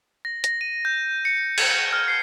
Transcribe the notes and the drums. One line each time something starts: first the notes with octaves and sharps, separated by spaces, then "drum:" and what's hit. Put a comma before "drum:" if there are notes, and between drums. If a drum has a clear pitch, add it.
A#6
A#6, drum: hi-hat
D#7
G6
C#7
G#6, drum: cymbal
F6
C7